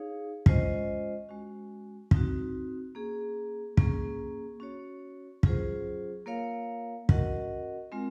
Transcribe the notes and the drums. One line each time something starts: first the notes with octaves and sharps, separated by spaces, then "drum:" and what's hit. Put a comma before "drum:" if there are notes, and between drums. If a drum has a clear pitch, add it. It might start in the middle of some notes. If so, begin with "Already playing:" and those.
Already playing: D#4 G#4 C#5 F5
G#3 C#4 F4 C5 D#5, drum: kick
G#3 C#4 F#4
C4 D#4 F#4, drum: kick
A#3 C#4 G#4
A#3 C#4 G#4, drum: kick
C#4 F#4 C#5
F#3 C#4 F4 G#4 C5, drum: kick
A#3 F4 A#4 C#5 F5
C#4 F#4 A#4 D#5 F#5, drum: kick
G#3 C4 F4 A#4